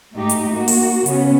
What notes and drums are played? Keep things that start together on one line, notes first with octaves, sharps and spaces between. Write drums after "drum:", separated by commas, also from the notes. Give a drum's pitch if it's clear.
G#2 A3 D#4 G4
drum: hi-hat
A#3 F#4
drum: open hi-hat
C#3 B3 C#4, drum: hi-hat